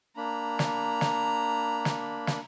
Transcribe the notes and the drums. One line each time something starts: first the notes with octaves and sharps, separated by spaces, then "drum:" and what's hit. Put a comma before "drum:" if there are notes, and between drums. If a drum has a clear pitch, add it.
A#3 D4 A#5 B5
drum: snare
drum: snare
drum: snare
drum: snare